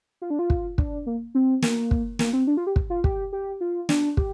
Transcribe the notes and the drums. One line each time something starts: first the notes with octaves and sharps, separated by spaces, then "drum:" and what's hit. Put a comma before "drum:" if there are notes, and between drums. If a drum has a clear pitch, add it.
F4
D4
F4
drum: kick
D4, drum: kick
A#3
C4
A#3, drum: snare
drum: kick
A#3, drum: snare
C4
D4
F4
G4
drum: kick
F4
G4, drum: kick
G4
F4
D4, drum: snare
G4, drum: kick